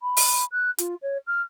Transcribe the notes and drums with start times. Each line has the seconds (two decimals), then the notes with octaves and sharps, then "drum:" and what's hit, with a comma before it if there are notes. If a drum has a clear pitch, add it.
0.01 B5
0.17 drum: open hi-hat
0.52 F#6
0.78 F4, drum: hi-hat
1.02 C#5
1.27 F6